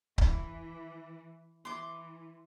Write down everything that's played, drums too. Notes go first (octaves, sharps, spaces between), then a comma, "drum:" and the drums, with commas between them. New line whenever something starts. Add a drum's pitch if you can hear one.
E3, drum: kick C#1
E3 C6 D6